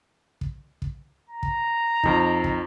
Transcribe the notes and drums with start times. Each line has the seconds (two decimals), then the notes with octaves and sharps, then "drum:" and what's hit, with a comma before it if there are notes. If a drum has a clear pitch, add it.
0.41 drum: kick
0.82 drum: kick
1.30 A#5
1.43 drum: kick
2.03 F2 D#4, drum: kick
2.44 drum: kick